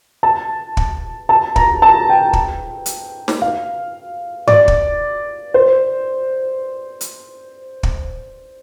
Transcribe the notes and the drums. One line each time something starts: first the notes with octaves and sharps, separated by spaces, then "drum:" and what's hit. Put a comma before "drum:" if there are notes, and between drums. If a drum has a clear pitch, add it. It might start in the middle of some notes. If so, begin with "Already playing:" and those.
A5
drum: kick
A5
A#5, drum: kick
A5
G5
drum: kick
drum: hi-hat
drum: snare
F5
D5, drum: tom G2
drum: kick
C5
drum: hi-hat
drum: kick